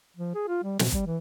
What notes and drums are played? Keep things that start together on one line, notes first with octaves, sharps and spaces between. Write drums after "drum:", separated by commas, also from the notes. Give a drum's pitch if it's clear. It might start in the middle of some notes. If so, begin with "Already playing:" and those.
F3
G#4
F4
G3
B2, drum: snare
G3, drum: kick G1
E3